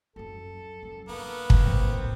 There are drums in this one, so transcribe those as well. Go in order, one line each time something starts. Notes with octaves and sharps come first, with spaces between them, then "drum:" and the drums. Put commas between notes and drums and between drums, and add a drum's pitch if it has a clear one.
F#2 F#3 A4
F#2
D3 A#3 B3
drum: kick
D#2 A2 C4